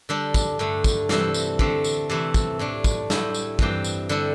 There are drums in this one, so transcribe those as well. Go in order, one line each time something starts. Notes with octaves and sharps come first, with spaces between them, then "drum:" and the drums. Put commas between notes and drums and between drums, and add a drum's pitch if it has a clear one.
D3 G3 D4 A4
drum: kick, tambourine
G2 D3 A3
drum: kick, tambourine
C3 E3 G3 E4 A4, drum: snare
drum: tambourine
D3 A3 C4, drum: kick
drum: tambourine
C3 E3 A3 E4
drum: kick, tambourine
A2 A3 D4
drum: kick, tambourine
A2 G3 E4, drum: snare
drum: tambourine
G2 E3 C4 G4, drum: kick
drum: tambourine
D3 G3 E4 A4